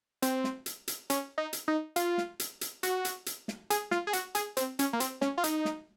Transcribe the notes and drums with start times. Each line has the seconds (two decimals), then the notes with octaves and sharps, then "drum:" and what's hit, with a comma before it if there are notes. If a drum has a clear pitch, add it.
0.22 C4, drum: hi-hat
0.44 drum: snare
0.66 drum: hi-hat
0.88 drum: hi-hat
1.10 C#4, drum: hi-hat
1.38 D#4
1.53 drum: hi-hat
1.68 D#4
1.96 F4, drum: hi-hat
2.18 drum: snare
2.40 drum: hi-hat
2.61 drum: hi-hat
2.83 F#4, drum: hi-hat
3.05 drum: hi-hat
3.26 drum: hi-hat
3.48 drum: snare
3.70 G#4, drum: hi-hat
3.91 F4, drum: snare
4.07 G#4
4.13 F#4, drum: hi-hat
4.35 G#4, drum: hi-hat
4.57 C4, drum: hi-hat
4.79 C#4, drum: hi-hat
4.93 A#3
5.00 C4, drum: hi-hat
5.21 C#4, drum: snare
5.38 F4
5.44 D#4, drum: hi-hat
5.65 drum: snare